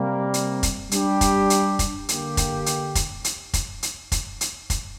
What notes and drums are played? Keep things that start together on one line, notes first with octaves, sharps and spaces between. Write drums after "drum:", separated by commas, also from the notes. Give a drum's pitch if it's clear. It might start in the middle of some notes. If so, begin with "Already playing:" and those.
Already playing: C3 G3 A#3
drum: hi-hat
drum: kick, hi-hat
G3 D4 G4, drum: hi-hat
drum: kick, hi-hat
drum: hi-hat
drum: kick, hi-hat
D3 A#3 G4, drum: hi-hat
drum: kick, hi-hat
drum: hi-hat
drum: kick, hi-hat
drum: hi-hat
drum: kick, hi-hat
drum: hi-hat
drum: kick, hi-hat
drum: hi-hat
drum: kick, hi-hat